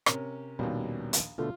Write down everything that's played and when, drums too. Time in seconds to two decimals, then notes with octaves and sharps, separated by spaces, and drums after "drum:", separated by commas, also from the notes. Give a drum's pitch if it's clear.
0.06 C3 C#4 A#4, drum: rim click
0.59 A#1 D#2 B2 G3 C#4
1.13 drum: hi-hat
1.38 B2 D3 A3 F4